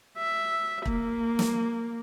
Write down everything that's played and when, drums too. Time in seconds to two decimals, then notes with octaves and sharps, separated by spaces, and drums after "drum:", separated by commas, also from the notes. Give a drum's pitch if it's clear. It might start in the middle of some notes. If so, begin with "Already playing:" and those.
0.18 E5
0.86 A#3, drum: kick
1.39 drum: snare